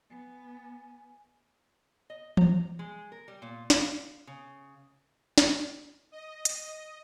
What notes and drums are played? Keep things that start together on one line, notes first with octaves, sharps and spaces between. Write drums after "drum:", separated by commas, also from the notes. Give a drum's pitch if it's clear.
B3 G#5
D#5
A#5, drum: tom E3
G#3
A#4
G3
A#2
F5, drum: snare
C#3
drum: snare
D#5
drum: hi-hat